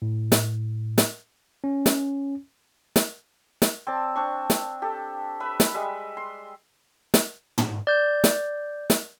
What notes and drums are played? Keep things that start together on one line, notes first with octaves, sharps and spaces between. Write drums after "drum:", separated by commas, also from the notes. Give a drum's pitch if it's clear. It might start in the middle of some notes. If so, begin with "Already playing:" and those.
A2
drum: snare
drum: snare
C#4
drum: snare
drum: snare
drum: snare
C4 D5 A5
C4 D4 C#6
drum: snare
G4 A4
B4 E5 B5
drum: snare
G3 G#3 D#5 E5
C6
drum: snare
drum: tom
D5 G6
drum: snare
drum: snare